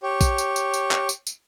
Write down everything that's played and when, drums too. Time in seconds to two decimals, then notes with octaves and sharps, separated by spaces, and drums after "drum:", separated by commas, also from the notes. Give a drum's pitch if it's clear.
0.03 G4 C#5
0.21 drum: kick, tambourine
0.38 drum: tambourine
0.56 drum: tambourine
0.74 drum: tambourine
0.91 drum: clap
1.09 drum: tambourine
1.27 drum: tambourine